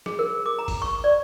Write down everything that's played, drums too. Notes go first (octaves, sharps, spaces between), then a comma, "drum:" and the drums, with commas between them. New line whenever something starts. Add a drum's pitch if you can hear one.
G#4, drum: snare
A#4
D6
A#5
drum: kick G1, open hi-hat
C#6
D5